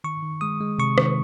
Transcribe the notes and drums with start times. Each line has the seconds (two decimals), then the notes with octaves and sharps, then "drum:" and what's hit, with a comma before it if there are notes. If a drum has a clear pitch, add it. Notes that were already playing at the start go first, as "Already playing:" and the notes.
0.04 D#3 C#6
0.23 D#3
0.41 G#3 D#6
0.61 G#3
0.78 C3 C#6
0.98 D#3, drum: rim click